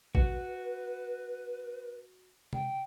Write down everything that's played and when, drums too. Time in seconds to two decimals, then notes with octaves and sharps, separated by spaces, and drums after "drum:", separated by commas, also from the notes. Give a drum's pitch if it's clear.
0.15 F#4 B4, drum: kick A1
2.53 G5, drum: tom C3